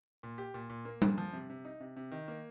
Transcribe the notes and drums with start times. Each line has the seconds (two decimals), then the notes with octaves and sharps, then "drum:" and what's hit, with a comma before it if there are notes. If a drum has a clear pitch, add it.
0.23 A#2
0.38 G4
0.54 A#2
0.70 A#2
0.85 A#3
1.02 A#2, drum: tom G3
1.18 F3
1.33 C3
1.50 C3
1.65 D#4
1.80 C3
1.96 C3
2.11 D#3
2.28 A#3